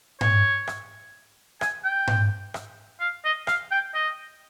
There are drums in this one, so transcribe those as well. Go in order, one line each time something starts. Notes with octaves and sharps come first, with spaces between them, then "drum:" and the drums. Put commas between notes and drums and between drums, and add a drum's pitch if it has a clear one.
C#5, drum: tom G#2
drum: rim click
G#5, drum: rim click
G5
drum: tom G#2
drum: rim click
F5
D#5
F5, drum: rim click
G5
D#5